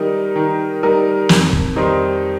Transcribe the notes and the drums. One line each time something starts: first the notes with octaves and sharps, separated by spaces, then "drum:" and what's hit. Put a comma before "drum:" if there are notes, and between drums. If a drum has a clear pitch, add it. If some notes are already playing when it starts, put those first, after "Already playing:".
Already playing: D#3 G3 D#4 A#4
D#3
G3 D#4 A#4
F2, drum: snare
drum: kick
D#3 G3 D#4 C5